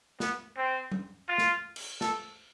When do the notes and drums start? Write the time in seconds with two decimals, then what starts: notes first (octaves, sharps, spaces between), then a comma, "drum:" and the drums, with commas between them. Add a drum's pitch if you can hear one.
0.20 B3, drum: snare
0.57 C4
0.92 drum: tom F#3
1.29 F4
1.38 drum: snare
1.76 drum: cymbal
2.01 A4, drum: snare